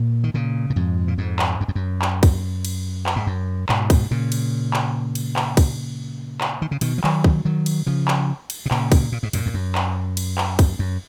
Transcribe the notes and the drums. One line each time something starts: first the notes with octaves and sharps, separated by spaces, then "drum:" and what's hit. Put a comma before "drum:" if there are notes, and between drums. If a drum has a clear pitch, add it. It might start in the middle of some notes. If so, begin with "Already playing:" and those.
Already playing: A#2
D#3
A#2 C#3
A#2
F2 G#2
A#2
F2 G#2
drum: clap
F#2
F2
F#2
drum: clap
drum: kick, cymbal
drum: cymbal
drum: clap
G#2
F#2
G#2 B2, drum: clap
drum: kick, cymbal
A#2 C#3
drum: cymbal
drum: clap
drum: cymbal
drum: clap
drum: kick, cymbal
drum: clap
D#3
C#3
B2 D#3, drum: cymbal
F3
D#3 F#3, drum: clap
drum: kick
D#3 F#3
drum: cymbal
C#3 F3
drum: clap
drum: cymbal
B2
A#2 C#3, drum: clap
drum: kick, cymbal
A#2
G#2
F#2 A#2, drum: cymbal
F2
F#2
drum: clap
drum: cymbal
drum: clap
drum: kick, cymbal
F#2